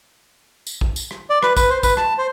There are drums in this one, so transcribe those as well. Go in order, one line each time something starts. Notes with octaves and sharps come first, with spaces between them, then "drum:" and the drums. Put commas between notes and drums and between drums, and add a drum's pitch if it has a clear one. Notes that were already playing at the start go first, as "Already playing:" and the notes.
drum: tambourine
drum: kick
drum: tambourine
drum: rim click
D5
B4, drum: rim click
B4, drum: kick, tambourine
C5
B4, drum: kick, tambourine
A5, drum: rim click
C5